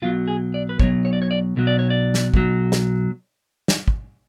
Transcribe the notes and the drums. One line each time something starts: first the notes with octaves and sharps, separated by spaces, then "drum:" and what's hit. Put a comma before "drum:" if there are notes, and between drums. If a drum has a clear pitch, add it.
B1 B2 F#3 F4
G#4
D5
B4
B1 B2 F#3 C#5, drum: kick
C#5
D5
C#5
D5
B1 B2 F#3
D5
C#5
D5
drum: snare
B1 B2 F#3, drum: kick
drum: snare
drum: snare
drum: kick